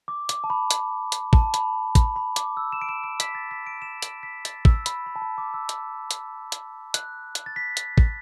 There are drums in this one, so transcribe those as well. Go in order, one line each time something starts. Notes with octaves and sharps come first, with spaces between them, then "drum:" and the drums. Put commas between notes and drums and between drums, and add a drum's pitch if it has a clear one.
D6
D6, drum: hi-hat
A5
B5
drum: hi-hat
drum: hi-hat
A5, drum: kick
B5, drum: hi-hat
B5, drum: kick, hi-hat
B5
D6, drum: hi-hat
E6
E7
D7
E7
D7
B6, drum: hi-hat
A6
B6
D7
E7
D7, drum: hi-hat
B6
A6, drum: hi-hat
E6, drum: kick
B5, drum: hi-hat
B5
A5
B5
D6
E6
drum: hi-hat
drum: hi-hat
drum: hi-hat
F#6, drum: hi-hat
drum: hi-hat
A6
B6
drum: hi-hat
drum: kick